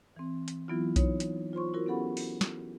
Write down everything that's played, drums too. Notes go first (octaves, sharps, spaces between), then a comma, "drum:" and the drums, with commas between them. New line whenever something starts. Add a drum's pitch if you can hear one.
E3 C4
drum: hi-hat
E3 F#3 B3 E4 F4
D#4 C#5, drum: kick B1, hi-hat
drum: hi-hat
F4 C5 C6 C#6
E4 F#4 A#4
B3 C#4 G4 A4 F#5 B5
drum: open hi-hat
drum: snare